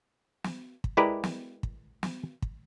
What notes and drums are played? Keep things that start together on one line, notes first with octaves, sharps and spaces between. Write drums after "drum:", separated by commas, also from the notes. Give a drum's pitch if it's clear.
drum: snare
drum: kick
G#3 E4 G4 A#4 B4 D5
drum: snare
drum: kick
drum: snare
drum: kick